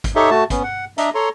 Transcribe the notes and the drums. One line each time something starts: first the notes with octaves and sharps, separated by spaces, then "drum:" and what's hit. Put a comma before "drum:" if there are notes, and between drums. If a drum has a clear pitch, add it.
drum: kick, hi-hat
D#4 G4 A4 C#5 D#5 E5
A3 F#4 A5
B3 C#4, drum: kick, hi-hat
F#5
D4 D#5 E5 A#5, drum: hi-hat
A4 C#5 A#5 C6